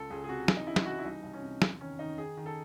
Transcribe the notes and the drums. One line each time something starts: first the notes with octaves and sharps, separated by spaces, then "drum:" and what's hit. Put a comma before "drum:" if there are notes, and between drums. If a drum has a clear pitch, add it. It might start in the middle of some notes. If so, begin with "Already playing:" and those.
Already playing: C#2 A4
C#2 G#4
G#4
C3 F#4
E3, drum: snare
D#4
C#3 E4
drum: snare
E3 F#4
E4
C2 D#4
C2
C#4
C3
E2, drum: snare
D#3 C#4
D#3 D#4
D#3 G#4
D#3
A4